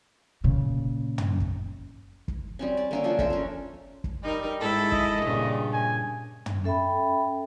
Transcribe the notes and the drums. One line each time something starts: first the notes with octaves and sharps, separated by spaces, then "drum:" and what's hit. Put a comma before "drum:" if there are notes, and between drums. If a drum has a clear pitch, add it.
A#2 C#3
drum: tom
drum: kick
drum: kick
G3 C4 C#4
D5
D3 A#3 C#4
C#3 F3 G#3 D4
A4 A#4 C5 E5, drum: kick
C#4 A#4
drum: kick
G3 D#4 A#4
G#2 E4 A4
D#5, drum: kick
G2 A#2 C#3
G#5
drum: tom
C#4 A4 E5 G5 B5